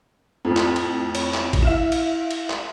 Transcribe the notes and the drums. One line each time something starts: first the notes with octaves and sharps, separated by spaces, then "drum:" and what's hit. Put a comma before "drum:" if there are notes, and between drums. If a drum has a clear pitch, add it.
F2 A2
drum: clap
drum: cymbal
C#5 B5, drum: cymbal
drum: clap
drum: kick, cymbal
E4 E5 F5 E7
drum: cymbal
drum: cymbal
drum: clap